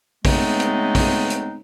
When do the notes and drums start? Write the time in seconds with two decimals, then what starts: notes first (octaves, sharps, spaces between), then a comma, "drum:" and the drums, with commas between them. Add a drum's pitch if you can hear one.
0.25 C#3 G#3 A3 B3 C4 D#4, drum: kick, open hi-hat
0.60 drum: hi-hat
0.95 drum: kick, open hi-hat
1.30 drum: hi-hat